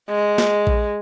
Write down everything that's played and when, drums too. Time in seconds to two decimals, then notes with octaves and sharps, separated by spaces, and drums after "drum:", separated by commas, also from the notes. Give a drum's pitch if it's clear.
0.10 G#3
0.38 drum: snare
0.67 drum: kick A#1